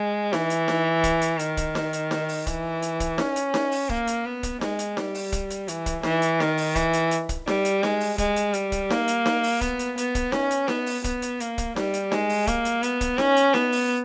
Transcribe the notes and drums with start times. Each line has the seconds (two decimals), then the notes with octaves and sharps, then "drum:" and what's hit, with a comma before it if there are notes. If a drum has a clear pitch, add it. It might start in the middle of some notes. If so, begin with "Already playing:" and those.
Already playing: G#3
0.33 E3, drum: snare D#4
0.50 drum: hi-hat
0.68 drum: snare D#4
1.04 drum: kick, hi-hat
1.21 drum: hi-hat
1.39 D#3, drum: hi-hat
1.57 drum: kick, hi-hat
1.75 drum: snare D#4
1.93 drum: hi-hat
2.11 drum: snare D#4
2.29 drum: open hi-hat
2.47 E3, drum: kick, hi-hat
2.82 drum: hi-hat
3.00 drum: kick, hi-hat
3.18 C#4, drum: snare D#4
3.36 drum: hi-hat
3.54 drum: snare D#4
3.72 drum: open hi-hat
3.89 A#3, drum: kick
4.07 drum: hi-hat
4.26 B3
4.43 drum: kick, hi-hat
4.61 G#3, drum: snare D#4
4.79 drum: hi-hat
4.97 G3, drum: snare D#4
5.15 drum: open hi-hat
5.32 drum: kick, hi-hat
5.50 drum: hi-hat
5.68 E3, drum: hi-hat
5.86 drum: kick, hi-hat
6.03 E3, drum: snare D#4
6.22 drum: hi-hat
6.40 D#3, drum: snare D#4
6.58 drum: open hi-hat
6.76 E3, drum: kick, hi-hat
6.93 drum: hi-hat
7.11 drum: hi-hat
7.29 drum: kick, hi-hat
7.47 G3, drum: snare D#4
7.65 drum: hi-hat
7.83 G#3, drum: snare D#4
8.00 drum: open hi-hat
8.18 G#3, drum: kick, hi-hat
8.36 drum: hi-hat
8.54 G3, drum: hi-hat
8.72 drum: kick, hi-hat
8.90 A#3, drum: snare D#4
9.08 drum: hi-hat
9.26 drum: snare D#4
9.43 drum: open hi-hat
9.61 B3, drum: kick, hi-hat
9.79 drum: hi-hat
9.98 B3, drum: hi-hat
10.15 drum: kick, hi-hat
10.32 C#4, drum: snare D#4
10.51 drum: hi-hat
10.68 B3, drum: snare D#4
10.86 drum: open hi-hat
11.04 B3, drum: kick, hi-hat
11.22 drum: hi-hat
11.40 A#3, drum: hi-hat
11.58 drum: kick, hi-hat
11.76 G3, drum: snare D#4
11.94 drum: hi-hat
12.12 G#3, drum: snare D#4
12.29 drum: open hi-hat
12.47 A#3, drum: kick, hi-hat
12.65 drum: hi-hat
12.83 B3, drum: hi-hat
13.01 drum: kick, hi-hat
13.18 C#4, drum: snare D#4
13.37 drum: hi-hat
13.54 B3, drum: snare D#4
13.72 drum: open hi-hat